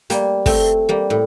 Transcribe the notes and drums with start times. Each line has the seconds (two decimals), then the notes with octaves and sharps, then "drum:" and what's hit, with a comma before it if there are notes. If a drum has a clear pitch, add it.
0.10 G3 A#3, drum: hi-hat
0.46 A3 C4, drum: kick, open hi-hat
0.89 G3 A#3
1.10 A2